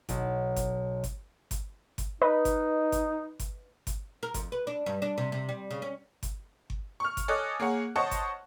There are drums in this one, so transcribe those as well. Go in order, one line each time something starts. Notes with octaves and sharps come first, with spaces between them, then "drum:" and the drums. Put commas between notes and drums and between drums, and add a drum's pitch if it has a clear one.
B1, drum: kick G1, hi-hat
drum: kick G1, hi-hat
drum: kick G1, hi-hat
drum: kick G1, hi-hat
drum: kick G1, hi-hat
D#4 B4 D#5
drum: kick G1, hi-hat
drum: kick G1, hi-hat
drum: kick G1, hi-hat
drum: kick G1, hi-hat
A#4
F2, drum: kick G1, hi-hat
B4
D4
G2
D4
C3
C3
G3
C#3
C#4
drum: kick G1, hi-hat
drum: kick G1
C#6 F6
drum: kick G1, hi-hat
A4 C#5 D#5 G#5 D6 F#6
A#3 G#4 C#5 F#5
C5 C#5 D#5 F#5 A5 C#6
drum: kick G1, hi-hat